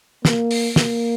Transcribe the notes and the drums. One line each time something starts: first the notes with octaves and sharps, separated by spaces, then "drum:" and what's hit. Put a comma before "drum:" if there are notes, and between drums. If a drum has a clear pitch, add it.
A#3, drum: snare
drum: open hi-hat
A#3, drum: snare